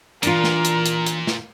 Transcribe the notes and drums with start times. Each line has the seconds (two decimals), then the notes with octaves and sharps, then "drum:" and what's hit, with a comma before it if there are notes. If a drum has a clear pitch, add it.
0.23 A#2 E3 D4 F4 A#4, drum: hi-hat
0.44 drum: snare
0.65 drum: hi-hat
0.86 drum: hi-hat
1.06 drum: hi-hat
1.27 drum: snare